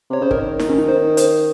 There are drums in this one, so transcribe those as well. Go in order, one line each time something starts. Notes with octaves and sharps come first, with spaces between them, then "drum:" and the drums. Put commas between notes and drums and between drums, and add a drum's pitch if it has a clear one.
C3 C#5
C#3 C5
D#3 A#4, drum: kick
D#4, drum: snare
C#4
D#4
C5
C5, drum: hi-hat